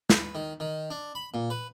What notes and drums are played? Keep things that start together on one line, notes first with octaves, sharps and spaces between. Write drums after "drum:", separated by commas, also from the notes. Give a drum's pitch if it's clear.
B4, drum: snare
D#3
D#3
D4
B5
A#2
B4